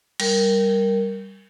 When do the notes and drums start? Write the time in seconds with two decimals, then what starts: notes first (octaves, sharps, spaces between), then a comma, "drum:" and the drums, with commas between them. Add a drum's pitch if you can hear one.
0.20 G3 A#4, drum: cymbal